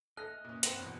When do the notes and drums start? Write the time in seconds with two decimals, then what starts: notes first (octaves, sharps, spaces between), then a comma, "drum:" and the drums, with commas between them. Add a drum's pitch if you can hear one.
0.17 A3 D#5 F6 F#6 A#6
0.45 A#2 C#4
0.63 E1 G2 C4 F#5 D#7, drum: hi-hat
0.79 E2 G2 B2